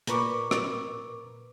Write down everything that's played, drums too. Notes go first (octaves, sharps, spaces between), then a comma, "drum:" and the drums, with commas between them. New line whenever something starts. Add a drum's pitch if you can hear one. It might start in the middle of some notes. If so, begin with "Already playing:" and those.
A#2 A#4 B4 C#6 D6, drum: hi-hat
drum: rim click